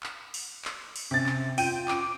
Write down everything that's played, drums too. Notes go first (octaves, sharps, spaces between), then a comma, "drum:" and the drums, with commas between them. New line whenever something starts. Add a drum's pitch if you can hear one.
drum: clap
drum: open hi-hat
drum: clap
drum: open hi-hat
C3 C#4 A6
drum: clap
F4 G5 G6 D#7, drum: open hi-hat
D6 D7, drum: clap